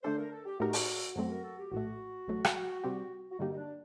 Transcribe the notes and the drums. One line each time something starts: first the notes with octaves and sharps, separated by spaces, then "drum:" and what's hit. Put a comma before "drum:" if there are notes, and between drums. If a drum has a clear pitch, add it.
D3 A3 D4 A4 C5
A#4
A4
G4
A2 A3 D#4 F#4 G4 A#4
drum: open hi-hat
F#2 F#3 A3 C4 F#4
A#4
A4
G4
A#1 A2 A3 F#4
A1 A2 F#3 A3
drum: rim click
C3 G3 C4 G4
F#4
G2 D3 G3 A#3 D#4
D#4
D4